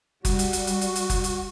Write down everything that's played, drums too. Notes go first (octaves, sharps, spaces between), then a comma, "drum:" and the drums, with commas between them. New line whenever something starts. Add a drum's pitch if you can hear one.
G3 F#4, drum: kick F#1, hi-hat
drum: hi-hat
drum: hi-hat
drum: hi-hat
drum: hi-hat
drum: hi-hat
drum: kick F#1, hi-hat
drum: hi-hat